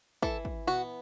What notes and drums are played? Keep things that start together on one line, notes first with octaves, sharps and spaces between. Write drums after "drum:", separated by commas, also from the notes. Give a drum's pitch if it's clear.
E3 A4, drum: kick
drum: kick
B3 F#4, drum: tom A#2